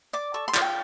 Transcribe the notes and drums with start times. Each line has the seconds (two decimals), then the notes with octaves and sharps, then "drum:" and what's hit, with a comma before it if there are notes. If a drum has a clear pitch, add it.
0.13 D5 D6
0.34 A4 C#6
0.48 C6
0.54 F4, drum: clap
0.62 G5